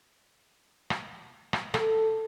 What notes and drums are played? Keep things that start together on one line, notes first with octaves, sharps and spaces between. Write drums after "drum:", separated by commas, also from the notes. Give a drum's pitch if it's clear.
drum: rim click
drum: rim click
A4, drum: rim click